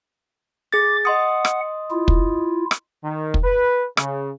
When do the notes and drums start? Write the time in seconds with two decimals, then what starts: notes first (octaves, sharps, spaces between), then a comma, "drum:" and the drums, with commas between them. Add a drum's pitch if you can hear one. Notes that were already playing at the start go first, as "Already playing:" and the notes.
0.73 G#4 D6 A6
1.05 D#5 F#5 C6 D#6
1.45 drum: rim click
1.91 E4 F4
2.08 drum: kick
2.71 drum: rim click
3.04 D#3
3.34 drum: kick
3.43 B4
3.97 C#3, drum: rim click